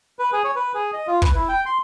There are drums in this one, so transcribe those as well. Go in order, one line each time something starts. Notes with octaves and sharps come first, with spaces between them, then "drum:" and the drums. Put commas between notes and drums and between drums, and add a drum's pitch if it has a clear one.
B4
G#4
C#5
B4
G#4
D#5
F4
B4, drum: kick
E4
G5
C6